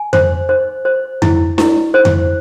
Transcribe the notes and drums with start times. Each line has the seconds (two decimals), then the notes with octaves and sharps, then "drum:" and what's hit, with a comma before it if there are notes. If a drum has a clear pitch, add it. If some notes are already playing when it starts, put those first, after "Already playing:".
Already playing: G#5
0.13 C5, drum: tom F2
0.49 C5
0.85 C5
1.22 E4, drum: tom F2
1.58 E4, drum: snare D4
1.94 C5
2.05 drum: tom F2